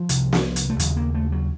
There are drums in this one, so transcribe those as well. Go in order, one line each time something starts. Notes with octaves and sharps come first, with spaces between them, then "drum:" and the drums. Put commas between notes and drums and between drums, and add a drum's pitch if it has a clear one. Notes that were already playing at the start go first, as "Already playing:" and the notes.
Already playing: F3
C2 C3, drum: hi-hat
drum: snare
drum: hi-hat
A3
D#2 C#3 F#3, drum: hi-hat
A#3
A3
F#3